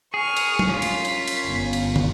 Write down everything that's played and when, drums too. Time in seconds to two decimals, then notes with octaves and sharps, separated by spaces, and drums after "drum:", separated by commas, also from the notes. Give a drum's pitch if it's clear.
0.14 G#4 C#6 F6
0.37 drum: cymbal
0.59 drum: tom F#3
0.69 C#4 F4 B6
0.82 drum: cymbal
1.05 drum: cymbal
1.28 drum: cymbal
1.46 G1
1.73 drum: cymbal
1.96 drum: tom